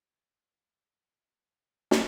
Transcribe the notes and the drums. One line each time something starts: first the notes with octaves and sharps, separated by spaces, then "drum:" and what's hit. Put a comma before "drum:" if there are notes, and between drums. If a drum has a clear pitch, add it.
G#3
F#5
C5
drum: snare